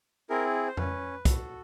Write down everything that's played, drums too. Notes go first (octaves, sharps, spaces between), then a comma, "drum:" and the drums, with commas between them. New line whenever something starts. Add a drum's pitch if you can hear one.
C4 E4 G#4 A#4
C5
C#4 B4, drum: tom F2
F#4 A4, drum: kick, hi-hat